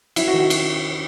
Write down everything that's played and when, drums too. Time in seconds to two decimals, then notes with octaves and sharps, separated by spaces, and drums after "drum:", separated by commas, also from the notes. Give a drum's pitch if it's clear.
0.16 F#3 E4, drum: cymbal
0.28 F#4
0.33 D#3
0.39 F#4
0.50 drum: cymbal